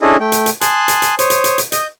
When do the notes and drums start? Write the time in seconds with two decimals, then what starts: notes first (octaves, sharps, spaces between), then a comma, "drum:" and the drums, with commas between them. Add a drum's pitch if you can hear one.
0.01 C#4 D4 E4 G#4 A4 D#5
0.20 A3 G5
0.32 drum: hi-hat
0.46 drum: hi-hat
0.61 G#5 A5 C6 D#6 F#6, drum: hi-hat
0.88 drum: hi-hat
1.02 drum: hi-hat
1.19 C5 C#5 D#6, drum: hi-hat
1.30 drum: hi-hat
1.44 drum: hi-hat
1.58 drum: hi-hat
1.72 D#5 D#6 G6, drum: hi-hat